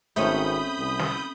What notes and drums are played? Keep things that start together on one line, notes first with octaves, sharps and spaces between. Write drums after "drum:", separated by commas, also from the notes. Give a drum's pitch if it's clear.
G#1 A3 C4 C#4 B5 D#6 G6, drum: hi-hat
C2
drum: snare